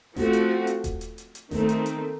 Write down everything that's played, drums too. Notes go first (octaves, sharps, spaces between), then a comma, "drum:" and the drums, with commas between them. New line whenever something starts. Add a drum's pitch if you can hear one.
F3 A3 C4 F#4, drum: snare G#1
drum: hi-hat
drum: hi-hat
drum: kick D#1, hi-hat
drum: hi-hat
drum: hi-hat
drum: hi-hat
D#3 A3 C4, drum: snare G#1
drum: hi-hat
drum: hi-hat